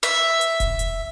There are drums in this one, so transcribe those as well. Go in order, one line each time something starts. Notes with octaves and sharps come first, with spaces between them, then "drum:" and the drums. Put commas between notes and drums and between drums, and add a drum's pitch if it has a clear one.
E5, drum: hi-hat
drum: hi-hat
drum: kick E1, hi-hat
drum: hi-hat